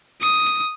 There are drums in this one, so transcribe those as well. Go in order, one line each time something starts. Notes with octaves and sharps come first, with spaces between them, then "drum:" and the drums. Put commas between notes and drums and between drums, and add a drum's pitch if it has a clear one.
D#6, drum: tambourine
drum: tambourine